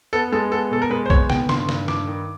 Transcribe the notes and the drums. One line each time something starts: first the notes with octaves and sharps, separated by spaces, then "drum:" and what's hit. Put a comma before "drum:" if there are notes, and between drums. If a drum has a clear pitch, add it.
B3 A4
G#3 A4
B3 A4
B2 A4
A#4
G#3 B4
C5
B3 C#5, drum: kick
B2 G5, drum: snare
G2 C6, drum: snare
G2, drum: snare
G2 D6, drum: snare
D#3